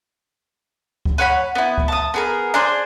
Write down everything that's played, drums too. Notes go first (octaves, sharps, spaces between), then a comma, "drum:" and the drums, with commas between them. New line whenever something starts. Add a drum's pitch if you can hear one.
drum: kick C#2
B4 C#5 F#5 B5
B3 E4
drum: kick C#2
A5 D#6
B3 G#4 A#4
D4 G#4 C5